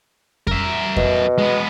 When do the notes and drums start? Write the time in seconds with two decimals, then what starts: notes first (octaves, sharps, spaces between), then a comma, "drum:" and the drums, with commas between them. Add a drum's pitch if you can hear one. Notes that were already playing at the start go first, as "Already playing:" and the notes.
0.47 A#4 E5, drum: kick F2
0.96 B2, drum: kick F2
1.38 G#3 B3